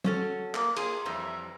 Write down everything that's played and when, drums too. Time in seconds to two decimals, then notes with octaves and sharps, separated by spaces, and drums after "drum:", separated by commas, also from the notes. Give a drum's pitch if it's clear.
0.04 F#3 C#4 A4, drum: tom F#3
0.55 A#3, drum: clap
0.76 A#3 F4 G#4, drum: cymbal
1.05 F2 E3 G3 E5 A#5